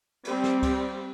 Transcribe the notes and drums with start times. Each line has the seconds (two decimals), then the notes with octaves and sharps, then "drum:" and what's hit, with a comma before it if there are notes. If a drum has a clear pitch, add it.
0.25 G3 C4, drum: cymbal
0.44 drum: snare
0.63 drum: kick C#2, cymbal